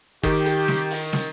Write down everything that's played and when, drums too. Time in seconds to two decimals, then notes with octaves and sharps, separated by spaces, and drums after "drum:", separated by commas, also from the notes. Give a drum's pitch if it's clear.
0.23 D#3 G4, drum: kick, hi-hat
0.46 drum: hi-hat
0.68 drum: snare
0.90 drum: open hi-hat
1.13 drum: snare